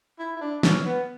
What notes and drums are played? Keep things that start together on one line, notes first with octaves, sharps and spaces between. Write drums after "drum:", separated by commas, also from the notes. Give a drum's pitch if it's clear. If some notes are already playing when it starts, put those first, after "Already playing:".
E4
E4
D4
C#4, drum: snare
B3